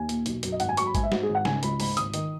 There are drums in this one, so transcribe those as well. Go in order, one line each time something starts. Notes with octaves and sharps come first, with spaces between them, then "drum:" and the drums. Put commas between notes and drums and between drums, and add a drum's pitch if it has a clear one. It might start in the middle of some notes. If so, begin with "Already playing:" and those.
Already playing: D#2 G#5
A#2, drum: hi-hat
B1, drum: hi-hat
F#2, drum: hi-hat
D#5
G#1 F#5, drum: hi-hat
G#5
F#3 C#6, drum: hi-hat
B5
G#2 G#5, drum: kick, hi-hat
E5
G#2 F#4, drum: snare
G#4
G#1
F#5
C#3 G#5, drum: snare
C#2 B5, drum: hi-hat
G#2 B5, drum: open hi-hat
G#1 D#6, drum: hi-hat
D#3, drum: hi-hat